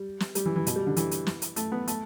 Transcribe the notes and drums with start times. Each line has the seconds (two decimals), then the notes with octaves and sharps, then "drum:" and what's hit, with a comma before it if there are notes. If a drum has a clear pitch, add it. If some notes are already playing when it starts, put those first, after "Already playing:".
Already playing: G3
0.20 drum: snare
0.35 G3, drum: hi-hat
0.46 E3
0.56 E3
0.67 B2, drum: hi-hat
0.76 G3
0.87 D3
0.96 E3, drum: hi-hat
1.11 drum: hi-hat
1.27 drum: snare
1.42 drum: hi-hat
1.56 A3, drum: hi-hat
1.72 B3
1.88 A3, drum: hi-hat